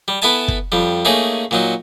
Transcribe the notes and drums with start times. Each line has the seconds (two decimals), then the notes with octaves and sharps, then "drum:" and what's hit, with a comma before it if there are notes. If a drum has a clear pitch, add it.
0.08 G3
0.22 B3 E4 A4 E5 G#5 A5
0.48 drum: kick
0.72 F2 G3
1.05 A3 A#3 C#4 D#4 G#4
1.51 A#2 F#3 D#4